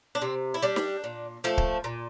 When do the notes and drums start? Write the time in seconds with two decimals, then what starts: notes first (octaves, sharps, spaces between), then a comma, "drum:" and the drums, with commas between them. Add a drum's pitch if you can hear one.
0.15 D4
0.21 C3 C4
0.54 E4
0.62 G3 D4
0.76 drum: snare
1.04 A#2
1.44 F3 A3
1.58 drum: kick D1
1.84 A#2